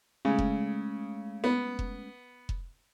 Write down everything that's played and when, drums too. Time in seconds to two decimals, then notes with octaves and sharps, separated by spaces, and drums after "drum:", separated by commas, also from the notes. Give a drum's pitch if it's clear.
0.25 C#3 G#3 A3 C#4
0.39 drum: kick F1
1.44 B3
1.79 drum: kick F1
2.49 drum: kick F1